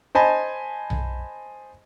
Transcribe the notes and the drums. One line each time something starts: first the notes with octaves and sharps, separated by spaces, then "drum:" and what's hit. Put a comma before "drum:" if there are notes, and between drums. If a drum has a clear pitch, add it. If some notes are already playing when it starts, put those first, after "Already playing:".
C5 D#5 G#5 A5 B5
drum: tom B1